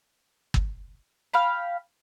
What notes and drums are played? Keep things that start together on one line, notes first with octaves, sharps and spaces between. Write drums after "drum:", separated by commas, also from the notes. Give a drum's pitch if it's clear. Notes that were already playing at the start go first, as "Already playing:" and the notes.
drum: kick
F5 G5 B5